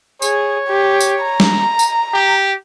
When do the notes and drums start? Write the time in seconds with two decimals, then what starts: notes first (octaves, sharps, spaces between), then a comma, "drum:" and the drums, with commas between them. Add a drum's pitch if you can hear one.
0.22 G#4 C#5, drum: tambourine
0.68 G4
1.01 drum: tambourine
1.23 A#5
1.40 drum: snare
1.79 drum: tambourine
2.14 G4